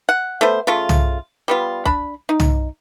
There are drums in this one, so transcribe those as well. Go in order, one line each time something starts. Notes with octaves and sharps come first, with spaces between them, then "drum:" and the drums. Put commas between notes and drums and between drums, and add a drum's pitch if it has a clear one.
F#5
A3 B3 C5
C#3 A3 F4
drum: tom
G3 B3 F4
D4 B5, drum: kick
D#4
drum: tom